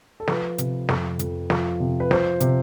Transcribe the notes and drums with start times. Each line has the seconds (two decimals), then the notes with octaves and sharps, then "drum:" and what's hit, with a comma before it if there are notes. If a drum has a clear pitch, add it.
0.20 A4
0.28 F3 B4, drum: snare
0.58 C3, drum: hi-hat
0.89 F2, drum: snare
1.19 F2, drum: hi-hat
1.50 F3, drum: snare
1.80 C3
2.00 B4
2.11 F3 C5, drum: snare
2.40 C3, drum: hi-hat